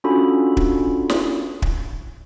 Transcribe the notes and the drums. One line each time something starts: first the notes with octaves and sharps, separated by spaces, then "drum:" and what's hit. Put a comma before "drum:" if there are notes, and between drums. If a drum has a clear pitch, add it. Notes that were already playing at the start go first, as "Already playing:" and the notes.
C#4 D4 F4 F#4 A4 B5
drum: kick
drum: snare
drum: kick